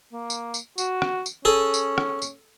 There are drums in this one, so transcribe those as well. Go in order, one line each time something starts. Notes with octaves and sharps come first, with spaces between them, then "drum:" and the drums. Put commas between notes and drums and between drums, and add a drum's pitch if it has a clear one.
A#3
drum: tambourine
drum: tambourine
F#4, drum: tambourine
drum: rim click
drum: tambourine
C#4 G#4 A4
drum: tambourine
drum: rim click
drum: tambourine